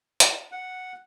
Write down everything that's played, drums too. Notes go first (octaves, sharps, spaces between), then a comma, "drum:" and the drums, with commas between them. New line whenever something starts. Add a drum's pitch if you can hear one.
drum: hi-hat
F#5